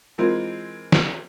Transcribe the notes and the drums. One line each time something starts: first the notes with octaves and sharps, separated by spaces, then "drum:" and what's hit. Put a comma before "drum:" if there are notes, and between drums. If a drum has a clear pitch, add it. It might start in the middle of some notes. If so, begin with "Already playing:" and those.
E3 G#3 C4 F4 A#4
drum: snare